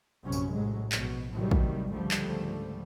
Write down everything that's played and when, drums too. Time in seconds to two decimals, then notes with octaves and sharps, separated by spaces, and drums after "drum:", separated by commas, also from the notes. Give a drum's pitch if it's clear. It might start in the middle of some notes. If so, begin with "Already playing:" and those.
0.23 A#1 F#2 C3 F#3 C#4
0.32 drum: tambourine
0.53 A2 F#3 G#3
0.92 A#1 B2, drum: clap
1.31 A2 C3 D#3 F#3 G3
1.51 drum: kick
1.91 C#2 G#2 D3 F3 G3 A3
2.11 drum: clap